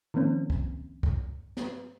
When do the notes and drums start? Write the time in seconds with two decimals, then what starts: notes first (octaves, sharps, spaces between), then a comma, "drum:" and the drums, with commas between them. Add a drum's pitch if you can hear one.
0.14 D#3 F3 A#3 C4 C#4
0.50 drum: kick
1.03 drum: kick
1.57 drum: snare